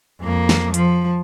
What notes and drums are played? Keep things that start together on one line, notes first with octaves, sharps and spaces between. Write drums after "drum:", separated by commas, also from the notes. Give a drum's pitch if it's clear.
F2 A#3
drum: snare
F3, drum: hi-hat